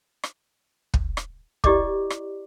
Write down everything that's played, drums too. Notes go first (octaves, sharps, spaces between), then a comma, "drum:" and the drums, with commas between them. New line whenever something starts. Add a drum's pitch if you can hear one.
drum: rim click
drum: kick
drum: rim click
E4 G4 D5 D#5 D6, drum: kick
drum: rim click